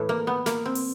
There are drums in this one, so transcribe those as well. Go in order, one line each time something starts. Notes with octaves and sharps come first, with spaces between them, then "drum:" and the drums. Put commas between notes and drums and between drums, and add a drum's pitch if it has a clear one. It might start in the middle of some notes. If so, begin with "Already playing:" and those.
Already playing: A2 E3 A3
A#3
B3
A#3, drum: snare
C4
drum: open hi-hat